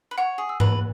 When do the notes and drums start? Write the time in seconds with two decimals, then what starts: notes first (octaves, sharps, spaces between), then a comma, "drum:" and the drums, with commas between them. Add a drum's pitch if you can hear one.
0.11 B4
0.18 C#5 F#5
0.38 G#4
0.49 E6
0.60 B4, drum: tom G#2